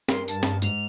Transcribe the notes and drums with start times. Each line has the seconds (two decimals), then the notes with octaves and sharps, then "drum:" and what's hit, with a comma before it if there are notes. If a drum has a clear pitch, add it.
0.08 G2 A#4 C6, drum: snare
0.28 A5, drum: tambourine
0.43 drum: snare
0.62 G#2 F7, drum: tambourine